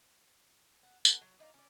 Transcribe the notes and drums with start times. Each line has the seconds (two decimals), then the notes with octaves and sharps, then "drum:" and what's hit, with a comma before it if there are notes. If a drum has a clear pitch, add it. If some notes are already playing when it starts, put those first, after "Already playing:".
0.83 F#5
1.05 B3 F#4 A4, drum: tambourine
1.21 F#3
1.39 D4 D#4 F4 D5
1.54 C#4 D5